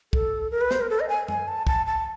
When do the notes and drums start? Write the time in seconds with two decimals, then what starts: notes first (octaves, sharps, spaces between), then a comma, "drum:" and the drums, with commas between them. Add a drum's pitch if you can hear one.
0.13 A4, drum: kick
0.51 A#4
0.61 B4
0.71 C5, drum: snare
0.81 A#4
0.90 A4
1.00 D#5
1.09 G#5
1.28 G#5, drum: tom F#2
1.48 A5
1.67 A5, drum: kick
1.86 A5